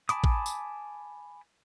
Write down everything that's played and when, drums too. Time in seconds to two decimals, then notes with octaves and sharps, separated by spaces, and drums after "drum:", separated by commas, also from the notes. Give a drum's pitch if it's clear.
0.09 G#5 A5 B5 D6 D#6, drum: hi-hat
0.24 drum: kick
0.46 drum: tambourine